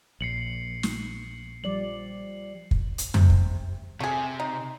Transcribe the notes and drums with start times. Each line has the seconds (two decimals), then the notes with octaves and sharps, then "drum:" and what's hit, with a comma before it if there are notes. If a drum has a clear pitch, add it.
0.21 A#1 C7 C#7 F#7
0.83 drum: snare
1.64 F3 G3 D5 F#7
2.71 drum: kick
2.98 drum: hi-hat
3.14 C3, drum: tom F2
3.30 drum: kick
4.00 C3 A3 G#4
4.40 D#4